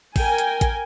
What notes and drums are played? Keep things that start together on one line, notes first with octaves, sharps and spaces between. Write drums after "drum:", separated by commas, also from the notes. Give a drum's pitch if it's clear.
A#4 G5 G#5, drum: kick A1, open hi-hat
drum: hi-hat
drum: kick A1, hi-hat